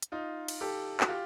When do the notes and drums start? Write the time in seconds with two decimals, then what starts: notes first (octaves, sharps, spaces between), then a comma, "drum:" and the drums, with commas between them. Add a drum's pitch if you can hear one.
0.03 drum: hi-hat
0.12 D#4 F4
0.48 drum: cymbal
0.61 G4 A4
1.00 F#4, drum: clap
1.08 F4 G4